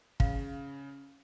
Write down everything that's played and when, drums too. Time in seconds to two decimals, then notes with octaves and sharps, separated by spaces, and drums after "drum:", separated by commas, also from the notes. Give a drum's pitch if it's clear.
0.20 C#3 C#4 F5, drum: kick